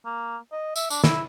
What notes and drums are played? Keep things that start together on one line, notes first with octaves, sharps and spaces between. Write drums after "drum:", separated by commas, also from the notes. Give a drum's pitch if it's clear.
A#3
D#5
E5, drum: tambourine
D4, drum: tambourine
E4, drum: snare